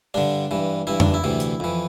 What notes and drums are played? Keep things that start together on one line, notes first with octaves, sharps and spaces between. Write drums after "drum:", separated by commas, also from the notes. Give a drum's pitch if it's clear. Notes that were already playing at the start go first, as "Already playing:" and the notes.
G2 D3 D4
G2 E3
G2 E3 E4
D4, drum: tom F2
E4
D2 C3 E3
drum: hi-hat
F2 E3